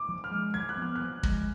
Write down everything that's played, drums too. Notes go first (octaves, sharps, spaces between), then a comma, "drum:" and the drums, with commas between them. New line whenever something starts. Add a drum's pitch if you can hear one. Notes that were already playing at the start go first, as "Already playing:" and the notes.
Already playing: D6
F3
F6
G#3
F3 G#6
F#6
B3
F6
F3 F#6
G#3, drum: kick